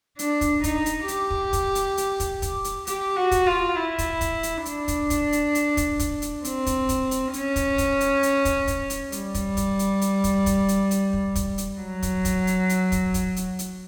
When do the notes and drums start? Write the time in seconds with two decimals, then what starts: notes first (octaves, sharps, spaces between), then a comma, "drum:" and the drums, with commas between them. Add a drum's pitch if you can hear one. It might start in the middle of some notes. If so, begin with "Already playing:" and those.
0.19 D4, drum: hi-hat
0.41 drum: kick, hi-hat
0.64 D#4, drum: kick, hi-hat
0.86 drum: hi-hat
1.08 G4, drum: hi-hat
1.30 drum: kick
1.53 drum: kick, hi-hat
1.75 drum: hi-hat
1.97 drum: hi-hat
2.20 drum: kick, hi-hat
2.42 drum: kick, hi-hat
2.64 drum: hi-hat
2.87 G4, drum: hi-hat
3.17 F#4
3.31 drum: kick, hi-hat
3.47 F4
3.76 E4
3.98 drum: kick, hi-hat
4.21 drum: kick, hi-hat
4.43 drum: hi-hat
4.66 D4, drum: hi-hat
4.88 drum: kick, hi-hat
5.10 drum: kick, hi-hat
5.32 drum: hi-hat
5.55 drum: hi-hat
5.77 drum: kick, hi-hat
5.99 drum: kick, hi-hat
6.22 drum: hi-hat
6.45 C4, drum: hi-hat
6.66 drum: kick, hi-hat
6.89 drum: kick, hi-hat
7.11 drum: hi-hat
7.34 C#4, drum: hi-hat
7.56 drum: kick, hi-hat
7.78 drum: kick, hi-hat
8.00 drum: hi-hat
8.23 drum: hi-hat
8.45 drum: kick, hi-hat
8.67 drum: kick, hi-hat
8.90 drum: hi-hat
9.12 G3, drum: hi-hat
9.34 drum: kick, hi-hat
9.57 drum: kick, hi-hat
9.79 drum: hi-hat
10.01 drum: hi-hat
10.24 drum: kick, hi-hat
10.46 drum: kick, hi-hat
10.68 drum: hi-hat
10.91 drum: hi-hat
11.13 drum: kick
11.35 drum: kick, hi-hat
11.58 drum: hi-hat
11.80 F#3
12.02 drum: kick, hi-hat
12.25 drum: kick, hi-hat
12.47 drum: hi-hat
12.69 drum: hi-hat
12.92 drum: kick, hi-hat
13.14 drum: kick, hi-hat
13.36 drum: hi-hat
13.59 drum: hi-hat